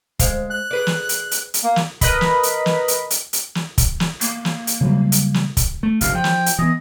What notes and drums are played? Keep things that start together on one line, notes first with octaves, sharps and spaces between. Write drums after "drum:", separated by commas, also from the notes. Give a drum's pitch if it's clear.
G#3 C5 F5, drum: kick, hi-hat
F#6
G#4 B4 D5
drum: snare
drum: hi-hat
drum: hi-hat
drum: hi-hat
A#3
drum: snare
A#4 B4 D#5 B5, drum: kick, hi-hat
drum: snare
drum: hi-hat
drum: snare
drum: hi-hat
drum: hi-hat
drum: hi-hat
drum: snare
drum: kick, hi-hat
drum: snare
A#3, drum: hi-hat
drum: snare
drum: hi-hat
C#3 F#3 G3
drum: hi-hat
drum: snare
drum: kick, hi-hat
A3
F#1 G2 C3 F5, drum: hi-hat
F3 G5
drum: snare
drum: hi-hat
E3 B3 D#5